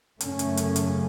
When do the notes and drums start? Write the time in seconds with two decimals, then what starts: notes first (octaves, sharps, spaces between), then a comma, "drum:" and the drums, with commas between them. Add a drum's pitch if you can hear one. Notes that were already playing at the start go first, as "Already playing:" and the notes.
0.21 F#2 C#3 A3 C#4, drum: hi-hat
0.39 drum: hi-hat
0.57 drum: hi-hat
0.76 drum: hi-hat